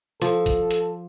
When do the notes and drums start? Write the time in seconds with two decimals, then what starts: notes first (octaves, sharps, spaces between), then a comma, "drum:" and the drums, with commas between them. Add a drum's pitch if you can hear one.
0.22 F3 A4, drum: hi-hat
0.46 drum: kick, hi-hat
0.71 drum: hi-hat